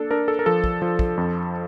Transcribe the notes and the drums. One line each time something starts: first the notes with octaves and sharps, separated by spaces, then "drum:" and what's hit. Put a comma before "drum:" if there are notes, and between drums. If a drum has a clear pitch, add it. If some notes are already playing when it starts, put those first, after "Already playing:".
Already playing: A#3 D4 A4
D4 A#4
A4
A#4
F3 A4
drum: kick
F3
drum: kick
F2